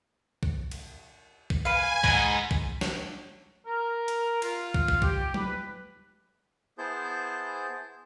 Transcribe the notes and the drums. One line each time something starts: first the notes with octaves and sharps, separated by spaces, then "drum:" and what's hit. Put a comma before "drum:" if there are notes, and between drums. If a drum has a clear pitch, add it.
drum: kick
drum: cymbal
drum: kick
B4 F5 G#5
G#2 B4, drum: kick
drum: kick
drum: snare
A#4
drum: hi-hat
F4, drum: cymbal
drum: kick
drum: kick
G4, drum: kick
B4, drum: tom F#3
B3 E4 G#4 C5 A5 G6